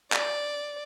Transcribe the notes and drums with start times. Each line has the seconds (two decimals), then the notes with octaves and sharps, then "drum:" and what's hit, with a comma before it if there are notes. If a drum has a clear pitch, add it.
0.12 D5, drum: clap